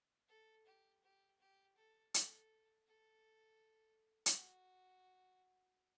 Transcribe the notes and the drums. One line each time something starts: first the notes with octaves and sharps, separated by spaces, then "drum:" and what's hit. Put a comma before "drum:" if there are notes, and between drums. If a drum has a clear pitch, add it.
A4
G4
G4
G4
A4
A4, drum: hi-hat
A4
drum: hi-hat
F#4